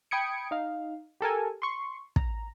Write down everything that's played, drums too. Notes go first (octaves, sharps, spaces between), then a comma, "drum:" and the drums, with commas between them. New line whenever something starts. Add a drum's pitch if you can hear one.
G5 B5 D#6 G#6 C#7 D7
D#4 F5
G4 A4 A#4 G#5
C6 C#6
A#5, drum: kick